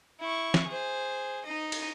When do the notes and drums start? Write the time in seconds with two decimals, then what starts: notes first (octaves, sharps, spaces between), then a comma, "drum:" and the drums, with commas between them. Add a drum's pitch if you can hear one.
0.20 E4 C#6
0.54 drum: snare
0.67 G#4 C5
1.45 D#4 D#5
1.72 drum: cymbal